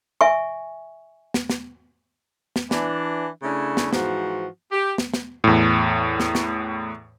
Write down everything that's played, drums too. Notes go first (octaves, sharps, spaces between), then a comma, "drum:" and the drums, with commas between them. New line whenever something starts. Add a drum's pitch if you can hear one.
E5 G#5 C#6
drum: snare
drum: snare
drum: snare
E3 D4, drum: snare
C#3 A3 C#4 D4 E4
drum: snare
G#2 E3 F3 F#4, drum: snare
G4
drum: snare
drum: snare
E2 A2
drum: snare
drum: snare